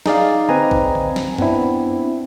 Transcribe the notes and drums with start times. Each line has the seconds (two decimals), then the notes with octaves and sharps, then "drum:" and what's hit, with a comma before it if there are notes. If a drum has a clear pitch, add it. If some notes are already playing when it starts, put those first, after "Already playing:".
0.06 D#4 G#4 D5 F5, drum: snare
0.49 C4 B4 D#5 G#5 A#5, drum: tom D3
0.71 drum: kick
0.95 drum: tom D3
1.16 drum: snare
1.38 B3 C4 D4 E4, drum: tom F#2